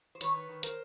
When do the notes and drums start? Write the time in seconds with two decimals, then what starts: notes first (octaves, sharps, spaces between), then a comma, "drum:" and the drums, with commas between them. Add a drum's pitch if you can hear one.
0.15 C5
0.21 D#3 B4 C#5, drum: hi-hat
0.36 D#3
0.49 D#3
0.63 A#4 C5, drum: hi-hat